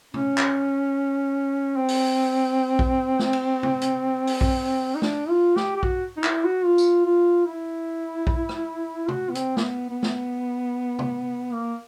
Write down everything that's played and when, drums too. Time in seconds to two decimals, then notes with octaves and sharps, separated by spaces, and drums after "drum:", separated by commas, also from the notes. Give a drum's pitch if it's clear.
0.14 C#4, drum: tom
0.38 drum: clap
1.77 C4
1.88 drum: open hi-hat
2.79 drum: kick A#1
3.19 drum: snare
3.33 drum: cymbal
3.63 drum: tom
3.81 drum: hi-hat
4.27 drum: open hi-hat
4.41 drum: kick A#1
4.95 D#4
5.02 D4, drum: snare
5.29 F4
5.56 G4, drum: snare
5.76 G4
5.83 F#4, drum: kick A#1
6.17 D#4
6.24 E4, drum: clap
6.45 F#4
6.65 F4
6.78 drum: tambourine
7.05 F4
7.46 E4
8.27 drum: kick A#1
8.49 drum: rim click
9.08 F#4, drum: tom
9.30 B3
9.35 C4, drum: hi-hat
9.57 A#3, drum: snare
9.62 B3
9.90 B3
10.03 drum: snare
10.99 drum: tom
11.52 A#3